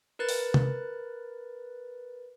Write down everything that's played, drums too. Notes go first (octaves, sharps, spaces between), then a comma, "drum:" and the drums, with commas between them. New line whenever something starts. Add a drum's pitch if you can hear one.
A#4 B4 F#6 A6
drum: open hi-hat
drum: tom C3